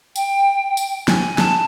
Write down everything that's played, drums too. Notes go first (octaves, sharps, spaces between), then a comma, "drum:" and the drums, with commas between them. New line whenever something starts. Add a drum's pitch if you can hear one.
G5, drum: tambourine
drum: tambourine
G#5, drum: snare
A5, drum: snare